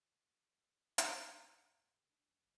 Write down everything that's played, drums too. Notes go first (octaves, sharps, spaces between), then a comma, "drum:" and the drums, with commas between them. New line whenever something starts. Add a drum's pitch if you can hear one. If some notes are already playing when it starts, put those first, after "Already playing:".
drum: hi-hat
C#2
F#2
G#2
G#2
C#3
D4
F#2
F#1